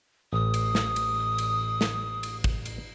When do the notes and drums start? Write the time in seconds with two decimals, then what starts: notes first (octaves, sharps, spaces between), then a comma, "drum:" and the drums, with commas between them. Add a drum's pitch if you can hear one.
0.33 A1 D#6
0.54 drum: cymbal
0.75 drum: snare
0.96 drum: cymbal
1.38 drum: cymbal
1.81 drum: snare
2.23 drum: cymbal
2.44 drum: kick
2.65 drum: cymbal